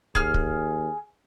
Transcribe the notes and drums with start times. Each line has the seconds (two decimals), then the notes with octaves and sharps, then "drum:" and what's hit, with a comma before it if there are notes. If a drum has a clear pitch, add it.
0.15 D#2 G#4 F6, drum: kick
0.34 drum: kick